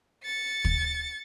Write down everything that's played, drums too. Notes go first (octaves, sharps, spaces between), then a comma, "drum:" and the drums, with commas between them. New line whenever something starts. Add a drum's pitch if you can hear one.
A6 C#7
drum: kick